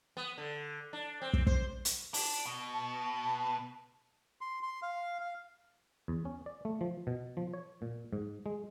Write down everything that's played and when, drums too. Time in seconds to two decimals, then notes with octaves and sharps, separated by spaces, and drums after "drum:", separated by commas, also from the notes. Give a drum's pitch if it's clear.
0.17 B3
0.38 D3
0.93 D4
1.22 C4
1.33 drum: kick
1.47 C5, drum: kick
1.85 drum: hi-hat
2.14 D4, drum: open hi-hat
2.46 B2
2.73 A5
4.41 C6
4.63 C6
4.83 F5
5.20 F5
6.08 E2
6.25 C#4
6.46 D5
6.65 A3
6.81 F3
7.07 B2
7.37 F3
7.53 C#5
7.82 A#2
8.13 G#2
8.46 G#3